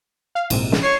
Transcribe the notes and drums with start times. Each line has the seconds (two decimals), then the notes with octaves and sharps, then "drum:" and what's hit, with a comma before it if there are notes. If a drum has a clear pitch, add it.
0.35 F5
0.50 A#1 G#2 C3, drum: cymbal
0.72 drum: snare
0.83 C#5 C7